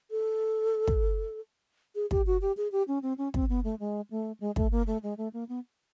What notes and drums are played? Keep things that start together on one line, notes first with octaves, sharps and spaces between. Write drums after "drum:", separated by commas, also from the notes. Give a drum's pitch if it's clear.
A4
drum: kick
G#4
G4, drum: kick
F#4
G4
G#4
G4
C#4
C4
C#4
C4, drum: kick
B3
A3
G#3
A3
G#3
A3, drum: kick
A#3
A3
G#3
A3
A#3
B3